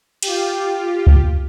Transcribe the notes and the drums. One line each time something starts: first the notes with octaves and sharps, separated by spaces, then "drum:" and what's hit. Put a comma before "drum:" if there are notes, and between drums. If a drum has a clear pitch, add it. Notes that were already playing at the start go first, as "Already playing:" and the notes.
F4 G4, drum: cymbal
drum: kick C#2